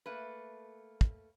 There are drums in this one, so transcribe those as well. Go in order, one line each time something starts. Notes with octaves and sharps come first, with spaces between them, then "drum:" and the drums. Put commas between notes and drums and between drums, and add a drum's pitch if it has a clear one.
A3 A#3 B4
drum: kick